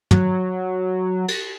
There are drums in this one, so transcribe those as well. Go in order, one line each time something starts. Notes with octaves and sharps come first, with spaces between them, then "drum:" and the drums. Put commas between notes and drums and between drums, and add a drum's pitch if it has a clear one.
F#3, drum: tom
drum: cymbal